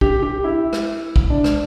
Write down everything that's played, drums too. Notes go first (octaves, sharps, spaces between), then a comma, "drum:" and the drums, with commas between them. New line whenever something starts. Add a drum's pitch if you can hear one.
G4, drum: kick
G4
E4
drum: rim click
drum: kick
D4
drum: rim click